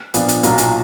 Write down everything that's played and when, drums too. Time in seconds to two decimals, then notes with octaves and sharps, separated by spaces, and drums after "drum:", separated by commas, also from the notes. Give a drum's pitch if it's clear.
0.14 A#2 F3 B3 D4, drum: hi-hat
0.28 drum: hi-hat
0.43 B1 A#2 F#3 A#3 F4, drum: hi-hat
0.58 drum: hi-hat